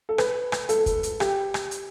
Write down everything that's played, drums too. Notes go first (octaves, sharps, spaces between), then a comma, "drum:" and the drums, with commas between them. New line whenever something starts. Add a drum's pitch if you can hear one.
A4
B4, drum: rim click
drum: rim click
A4, drum: hi-hat
drum: kick, hi-hat
drum: hi-hat
G4, drum: rim click
drum: rim click
drum: hi-hat